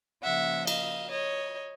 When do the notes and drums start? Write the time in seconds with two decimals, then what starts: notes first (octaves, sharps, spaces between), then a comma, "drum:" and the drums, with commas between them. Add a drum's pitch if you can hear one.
0.23 C#3 F3 A#3 E5 F#5
0.67 D#5 F5, drum: cymbal
1.11 C#5 D#5